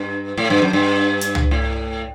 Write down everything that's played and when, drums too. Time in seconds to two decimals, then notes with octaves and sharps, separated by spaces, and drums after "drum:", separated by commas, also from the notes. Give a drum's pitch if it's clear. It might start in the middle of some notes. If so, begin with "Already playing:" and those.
Already playing: G2
0.37 A2
0.50 G2
0.62 F#2
0.73 G2
1.21 drum: hi-hat
1.35 drum: tom
1.51 A2